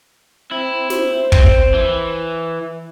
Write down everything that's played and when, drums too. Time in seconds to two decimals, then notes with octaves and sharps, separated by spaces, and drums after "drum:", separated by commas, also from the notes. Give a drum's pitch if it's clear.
0.51 C4 E4
0.90 C5, drum: snare
1.32 C4, drum: kick
1.74 E3